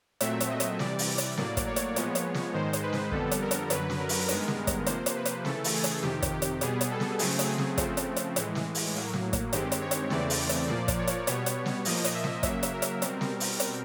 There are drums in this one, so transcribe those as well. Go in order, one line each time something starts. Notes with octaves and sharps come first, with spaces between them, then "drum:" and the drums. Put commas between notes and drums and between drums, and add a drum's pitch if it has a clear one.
A#2 F#3 A3 C4 E5, drum: hi-hat
drum: hi-hat
D#5
drum: hi-hat
C3 E3 G3 D5, drum: snare
drum: open hi-hat
drum: hi-hat
A2 F#3 A#3 D5, drum: snare
drum: kick, hi-hat
C#5
drum: hi-hat
A#2 F3 G#3 B3, drum: hi-hat
drum: hi-hat
drum: snare
G#2 D#3 G#3 C5
drum: hi-hat
B4
drum: snare
F2 D3 G3 B3 A4, drum: kick
drum: hi-hat
A#4
drum: hi-hat
F#2 D3 F#3 B4, drum: hi-hat
drum: snare
A#4
drum: open hi-hat
G2 D#3 G#3 B3, drum: hi-hat
drum: snare
drum: kick, hi-hat
C3 F3 A#3 C5, drum: hi-hat
drum: hi-hat
B4
drum: hi-hat
C#3 E3 A3 A4, drum: snare
drum: open hi-hat
G#4
drum: hi-hat
F2 C3 D#3 G4, drum: snare
drum: kick, hi-hat
G4
drum: hi-hat
B2 G3 B3 G#4, drum: hi-hat
drum: hi-hat
A4
drum: snare
C#3 F#3 A3 C4 G#4, drum: open hi-hat
drum: hi-hat
G#4
drum: snare
C#3 F3 A3 C4, drum: kick, hi-hat
drum: hi-hat
drum: hi-hat
A2 E3 G#3, drum: hi-hat
drum: snare
drum: open hi-hat
A2 F#3 A#3
drum: snare
drum: kick, hi-hat
G2 D#3 G#3 C4 G4, drum: hi-hat
drum: hi-hat
C#5
drum: hi-hat
E2 C#3 E3 A3 C4 D5, drum: snare
drum: open hi-hat
drum: hi-hat
A#2 F3 A#3 D5, drum: snare
drum: kick, hi-hat
C#5
drum: hi-hat
B2 G3 B3 C#5, drum: hi-hat
drum: hi-hat
drum: snare
A#2 F3 A#3 D#5, drum: open hi-hat
drum: hi-hat
E5
drum: snare
C#3 F#3 A#3 E5, drum: kick, hi-hat
drum: hi-hat
A#4
drum: hi-hat
B2 G3 C4, drum: hi-hat
drum: snare
drum: open hi-hat
drum: hi-hat